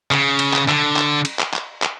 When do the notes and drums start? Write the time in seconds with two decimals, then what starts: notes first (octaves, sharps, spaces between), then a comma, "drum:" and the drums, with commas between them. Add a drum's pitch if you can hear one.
0.11 C#3, drum: clap
0.39 drum: cymbal
0.53 drum: clap
0.68 D3, drum: clap
0.96 drum: clap
1.25 drum: cymbal
1.39 drum: clap
1.53 drum: clap
1.82 drum: clap